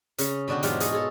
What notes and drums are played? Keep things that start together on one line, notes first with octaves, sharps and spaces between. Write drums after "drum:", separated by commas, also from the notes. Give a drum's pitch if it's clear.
C#3 C#4, drum: hi-hat
B2 D3 D4 F#4 G5
E2 G#2 F#3 G#3 F4 G4, drum: hi-hat
G#4 C#5 D#5, drum: hi-hat
G#4 A4 C#5